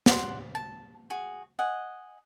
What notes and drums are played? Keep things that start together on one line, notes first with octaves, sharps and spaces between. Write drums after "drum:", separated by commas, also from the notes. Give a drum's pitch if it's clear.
D5 F#5 C6, drum: snare
A5
F#4 G#4
D#5 F#5 G#5